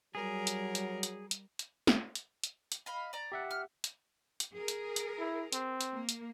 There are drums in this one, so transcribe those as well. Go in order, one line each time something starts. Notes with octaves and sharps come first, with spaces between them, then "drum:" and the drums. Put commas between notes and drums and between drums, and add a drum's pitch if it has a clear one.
F#3 G3 G#4 A#4
drum: hi-hat
drum: hi-hat
drum: hi-hat
drum: hi-hat
drum: hi-hat
drum: snare
drum: hi-hat
drum: hi-hat
drum: hi-hat
D#5 F5 B5
D5 A#5
G4 E5 F#5
F6
drum: hi-hat
drum: hi-hat
G#4 A#4
drum: hi-hat
drum: hi-hat
E4
C4, drum: hi-hat
drum: hi-hat
A#3
drum: hi-hat